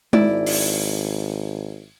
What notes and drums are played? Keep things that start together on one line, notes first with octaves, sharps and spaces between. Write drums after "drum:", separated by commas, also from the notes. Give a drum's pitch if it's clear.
G#1 E4 D5, drum: tom G#3
drum: open hi-hat